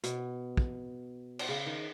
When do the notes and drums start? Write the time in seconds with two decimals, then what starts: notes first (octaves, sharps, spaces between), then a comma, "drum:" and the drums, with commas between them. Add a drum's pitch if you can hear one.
0.03 B2, drum: hi-hat
0.57 drum: kick
1.39 drum: cymbal
1.49 C#3
1.66 D#3